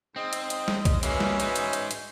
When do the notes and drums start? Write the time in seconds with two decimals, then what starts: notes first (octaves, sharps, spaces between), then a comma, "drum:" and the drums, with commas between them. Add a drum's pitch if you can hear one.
0.16 G#2 C4 D#5
0.33 drum: hi-hat
0.50 drum: hi-hat
0.68 drum: snare
0.85 drum: kick, hi-hat
1.03 E3 G#3 A#3 B3 C#4 F#4, drum: hi-hat
1.20 drum: snare
1.40 G#3 D#4, drum: hi-hat
1.56 drum: hi-hat
1.73 drum: hi-hat
1.91 drum: hi-hat